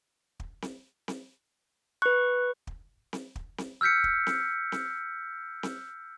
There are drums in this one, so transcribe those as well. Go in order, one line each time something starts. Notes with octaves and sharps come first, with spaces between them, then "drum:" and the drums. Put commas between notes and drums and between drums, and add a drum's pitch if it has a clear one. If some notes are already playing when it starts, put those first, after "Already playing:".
drum: kick
drum: snare C4
drum: snare C4
B4 C#6 F#6
drum: kick
drum: snare C4
drum: kick
drum: snare C4
E6 F6 G6 B6 C#7
drum: kick
drum: snare C4
drum: snare C4
drum: snare C4